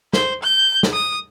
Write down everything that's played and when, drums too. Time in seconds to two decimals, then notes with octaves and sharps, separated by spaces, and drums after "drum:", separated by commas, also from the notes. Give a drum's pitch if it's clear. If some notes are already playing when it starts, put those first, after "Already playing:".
0.13 C5, drum: snare
0.43 G6
0.83 drum: snare
0.93 D#6